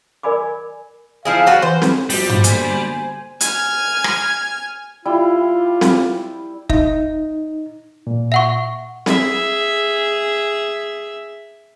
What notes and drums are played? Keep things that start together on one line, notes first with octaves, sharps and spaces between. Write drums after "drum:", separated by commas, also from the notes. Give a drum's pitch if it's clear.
A#4 D5 G#5 B5 D6
F3 E4 G#4 F5
G3 F#4 B4
E3 C5
drum: snare C4
B1 F3 G3 C5, drum: open hi-hat
drum: tom G2
B2 D3 A#3 G#5, drum: hi-hat
G#5 F6 G#6, drum: hi-hat
drum: rim click
G3 E4 F4 G5
drum: snare C4
D#4 E5, drum: kick
A#2
E5 F#5 C#6
G#4 E5, drum: snare C4